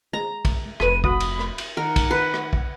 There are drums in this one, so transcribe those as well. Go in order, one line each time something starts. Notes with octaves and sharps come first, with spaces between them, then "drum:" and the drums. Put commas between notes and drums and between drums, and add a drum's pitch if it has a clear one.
G#3 A#5
drum: kick, cymbal
F1 A4 B4 D#7, drum: rim click
F#4 B5 D#6, drum: kick
drum: cymbal
drum: rim click
drum: cymbal
D#3 A#4 F#5
drum: kick, cymbal
B4
drum: rim click
drum: kick